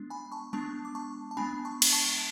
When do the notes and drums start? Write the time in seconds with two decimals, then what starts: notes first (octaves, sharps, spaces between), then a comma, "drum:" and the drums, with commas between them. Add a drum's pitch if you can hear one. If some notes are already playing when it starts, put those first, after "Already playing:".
Already playing: G#3 B3 D4
0.10 G#5 B5
0.32 A5 C#6
0.53 G#3 B3 D4 A5 C#6
0.85 D6
0.95 A5 C#6
1.31 A5
1.37 G#3 B3 D4 G#5 B5
1.65 A5 C#6
1.82 drum: cymbal
1.93 A5 C#6